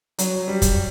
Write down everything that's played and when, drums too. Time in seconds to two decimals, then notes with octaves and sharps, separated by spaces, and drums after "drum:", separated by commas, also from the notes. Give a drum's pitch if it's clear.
0.18 F#3, drum: hi-hat
0.48 G3
0.62 drum: kick, hi-hat